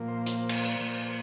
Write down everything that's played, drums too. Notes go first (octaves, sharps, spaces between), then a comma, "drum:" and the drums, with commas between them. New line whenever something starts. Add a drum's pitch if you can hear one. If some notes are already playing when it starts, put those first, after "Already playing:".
Already playing: A#2 F3 A#3
C5
C5, drum: hi-hat
drum: cymbal
A#2 F3 A#3